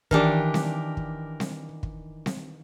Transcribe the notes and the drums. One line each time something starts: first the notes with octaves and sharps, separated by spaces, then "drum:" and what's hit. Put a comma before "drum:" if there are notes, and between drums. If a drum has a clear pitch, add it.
D#3 E3 D4 G4 A#4, drum: kick
drum: snare C4
drum: kick
drum: snare C4
drum: kick
drum: snare C4